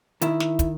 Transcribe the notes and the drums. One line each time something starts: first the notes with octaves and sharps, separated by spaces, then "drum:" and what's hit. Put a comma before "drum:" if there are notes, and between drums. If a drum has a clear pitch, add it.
D#3 E4, drum: hi-hat
drum: snare
drum: kick, hi-hat